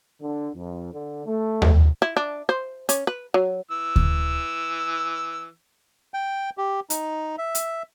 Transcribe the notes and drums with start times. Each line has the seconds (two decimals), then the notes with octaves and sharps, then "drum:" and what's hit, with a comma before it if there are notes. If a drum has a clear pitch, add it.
0.22 D3
0.54 F2
0.93 D3
1.26 A3
1.62 drum: tom D#2
2.02 E4
2.17 D4
2.49 C5
2.89 C#4, drum: hi-hat
3.07 B4
3.34 F#3
3.71 E3 E6
3.96 drum: kick D2
6.14 G5
6.58 G4
6.90 D#4, drum: hi-hat
7.38 E5
7.55 drum: hi-hat